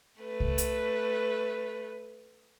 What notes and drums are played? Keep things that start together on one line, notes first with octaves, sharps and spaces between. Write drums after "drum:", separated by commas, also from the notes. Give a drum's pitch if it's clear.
A3 B4
drum: kick C2
drum: hi-hat